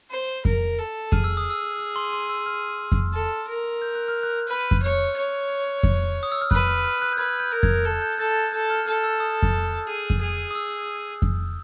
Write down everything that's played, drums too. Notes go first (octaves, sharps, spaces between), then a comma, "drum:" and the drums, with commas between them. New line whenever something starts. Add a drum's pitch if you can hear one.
C5
A#4, drum: kick F2
A4
G#4 F6, drum: kick F2
E6
D#6
E6
E6
C6
C6
E6
F6
drum: kick F2
A4
A#4
G6
F#6
F6
F#6
B4
drum: kick F2
C#5
C#5
drum: kick F2
D#6
E6
F6
B4 F#6, drum: kick F2
F6
F6
F#6
G6
B4 G#6
G6
A#4
G#6, drum: kick F2
A4
G6
A4 A6
G#6
A4 G6
F6
A4 F6
E6
D#6
drum: kick F2
G#4
drum: kick F2
G#4
D#6
E6
drum: kick F2